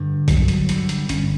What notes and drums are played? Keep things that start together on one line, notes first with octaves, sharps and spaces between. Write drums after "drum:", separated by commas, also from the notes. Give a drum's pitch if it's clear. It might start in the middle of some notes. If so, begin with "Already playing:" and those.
Already playing: G2 D3
G1 F#3, drum: kick B1, hi-hat
drum: hi-hat
G2 D3, drum: hi-hat
drum: hi-hat
G1 C#4, drum: hi-hat